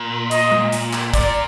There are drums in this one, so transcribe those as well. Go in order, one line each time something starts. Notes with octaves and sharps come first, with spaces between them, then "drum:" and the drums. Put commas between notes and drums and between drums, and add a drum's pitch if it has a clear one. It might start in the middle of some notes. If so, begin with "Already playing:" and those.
Already playing: A#2
D#5, drum: hi-hat
drum: tom G#3
drum: hi-hat
drum: clap
A#2 D5, drum: kick, hi-hat